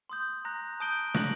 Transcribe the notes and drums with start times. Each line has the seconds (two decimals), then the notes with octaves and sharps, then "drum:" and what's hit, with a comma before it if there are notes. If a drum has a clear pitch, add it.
0.09 C6 D#6 G6
0.45 A#5 F#6 A#6
0.80 A5 D#6 G6 D7 G7
1.14 F#6 A#6 F#7, drum: snare